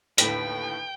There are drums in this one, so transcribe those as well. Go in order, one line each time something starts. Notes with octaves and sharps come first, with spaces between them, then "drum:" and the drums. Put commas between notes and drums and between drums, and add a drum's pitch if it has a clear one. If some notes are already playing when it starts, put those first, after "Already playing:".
D#2 A2 D3 B4 G5, drum: hi-hat